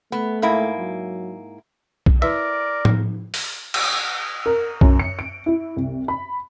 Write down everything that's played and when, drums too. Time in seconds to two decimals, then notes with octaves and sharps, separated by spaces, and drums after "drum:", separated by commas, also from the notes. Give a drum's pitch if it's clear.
0.12 A3 B3
0.42 G#2 A#3 E4
0.79 F#3
2.06 drum: kick B1
2.22 E4 A#4 B4 D5 E5
2.85 drum: tom A2
3.34 drum: open hi-hat
3.74 drum: cymbal
4.46 A#4
4.81 F#2, drum: kick B1
5.00 C#7
5.19 D7
5.46 E4
5.77 C2
6.08 B5